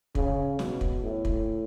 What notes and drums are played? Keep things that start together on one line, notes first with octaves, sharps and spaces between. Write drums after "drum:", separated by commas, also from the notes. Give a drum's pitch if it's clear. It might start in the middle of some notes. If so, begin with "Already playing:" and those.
C#3, drum: kick
B2, drum: snare
drum: kick
A2
drum: kick